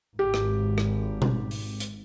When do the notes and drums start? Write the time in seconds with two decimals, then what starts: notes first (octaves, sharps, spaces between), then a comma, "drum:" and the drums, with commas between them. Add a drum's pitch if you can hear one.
0.19 G#1 G4
0.34 drum: rim click
0.78 drum: rim click
1.22 drum: tom B2
1.51 drum: open hi-hat
1.80 drum: hi-hat